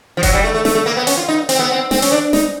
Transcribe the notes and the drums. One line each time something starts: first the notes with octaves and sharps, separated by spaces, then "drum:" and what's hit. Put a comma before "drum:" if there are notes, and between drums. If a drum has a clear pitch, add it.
F3
F#3, drum: kick F1, hi-hat
G3
A3
A3
A3, drum: snare
A3
A#3
B3
C#4, drum: hi-hat
F4
D#4
C4, drum: hi-hat
B3
C4
C4, drum: snare
C#4, drum: hi-hat
D4
D#4, drum: snare